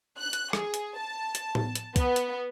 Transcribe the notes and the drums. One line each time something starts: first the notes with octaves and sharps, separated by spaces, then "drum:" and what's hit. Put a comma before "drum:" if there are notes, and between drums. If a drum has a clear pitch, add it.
F#6
drum: hi-hat
G#4, drum: rim click
drum: hi-hat
A5
drum: hi-hat
drum: tom
drum: hi-hat
B3, drum: kick, hi-hat
drum: hi-hat